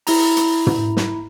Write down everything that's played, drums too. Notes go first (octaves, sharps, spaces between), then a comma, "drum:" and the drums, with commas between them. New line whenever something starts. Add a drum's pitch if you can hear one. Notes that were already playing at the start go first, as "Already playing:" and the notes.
E4 A#5, drum: open hi-hat
drum: hi-hat
drum: tom
drum: snare